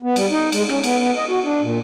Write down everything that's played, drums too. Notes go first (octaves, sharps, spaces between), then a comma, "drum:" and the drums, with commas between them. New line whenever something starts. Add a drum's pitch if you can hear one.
B3
G3, drum: cymbal
D#4
G#3, drum: cymbal
C#4, drum: rim click
B3, drum: cymbal
B3
D#5
F#4
D4
A#2